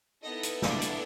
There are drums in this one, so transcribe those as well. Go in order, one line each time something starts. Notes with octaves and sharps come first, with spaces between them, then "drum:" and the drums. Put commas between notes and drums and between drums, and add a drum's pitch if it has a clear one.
B3 D#4 E4 A4 D#5
drum: hi-hat
D4 D5, drum: snare
drum: hi-hat